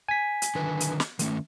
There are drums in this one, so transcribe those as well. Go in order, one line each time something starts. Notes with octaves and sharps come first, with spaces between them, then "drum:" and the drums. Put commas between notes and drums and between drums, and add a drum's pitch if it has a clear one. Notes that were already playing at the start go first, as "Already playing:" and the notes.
G#5 B6
drum: hi-hat
D3 D#3 B4
drum: hi-hat
drum: snare
D#3 A3 C#4, drum: hi-hat